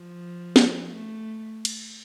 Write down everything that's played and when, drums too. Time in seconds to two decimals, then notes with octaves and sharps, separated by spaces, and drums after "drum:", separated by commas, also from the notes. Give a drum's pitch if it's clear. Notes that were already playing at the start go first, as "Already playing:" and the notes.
Already playing: F3
0.56 drum: snare
0.92 A3
1.65 drum: cymbal